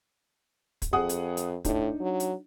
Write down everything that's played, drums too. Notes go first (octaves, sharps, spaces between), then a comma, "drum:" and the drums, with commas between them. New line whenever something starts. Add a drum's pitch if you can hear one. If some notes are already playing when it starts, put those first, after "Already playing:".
drum: kick, hi-hat
F2 G#4 F#5 D#6
drum: hi-hat
drum: hi-hat
A2 D4 D#4, drum: kick, hi-hat
F#3
drum: hi-hat